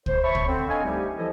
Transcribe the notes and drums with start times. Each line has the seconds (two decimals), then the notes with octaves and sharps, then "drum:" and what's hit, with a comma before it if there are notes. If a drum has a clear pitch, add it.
0.06 C5, drum: kick
0.23 C#5 E5 A5 B5 C#6
0.35 drum: kick
0.47 D3 C4
0.68 D4 A4 D#5 F5 G5 G#5
0.84 F3 G3 A3 D#4 G4
1.16 E3 F3 E4 A4 D#5